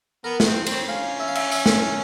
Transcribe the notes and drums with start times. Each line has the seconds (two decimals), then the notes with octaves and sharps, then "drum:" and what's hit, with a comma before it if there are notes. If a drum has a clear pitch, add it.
0.24 B3 A#4
0.40 B4, drum: snare
0.46 C4
0.56 C5
0.66 C4, drum: cymbal
0.72 C#5
0.87 C#4 F5
1.20 E5
1.28 F5
1.35 E5, drum: cymbal
1.52 E5, drum: tambourine
1.66 drum: snare